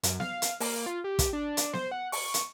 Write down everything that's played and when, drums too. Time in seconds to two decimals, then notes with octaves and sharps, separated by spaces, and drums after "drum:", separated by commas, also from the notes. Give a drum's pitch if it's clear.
0.03 F#2, drum: hi-hat
0.20 F5, drum: snare B3
0.42 drum: hi-hat
0.60 A#3, drum: open hi-hat
0.86 F4
1.04 G4
1.19 drum: kick, hi-hat
1.33 D4
1.57 drum: hi-hat
1.73 C5, drum: snare B3
1.91 F#5
2.12 C#6, drum: open hi-hat
2.34 drum: hi-hat